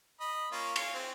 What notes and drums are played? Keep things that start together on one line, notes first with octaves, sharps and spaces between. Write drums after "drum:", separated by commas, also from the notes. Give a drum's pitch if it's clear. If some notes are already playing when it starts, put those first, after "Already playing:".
D#5 B5
A#3 C#4 F4
F5, drum: cymbal
C4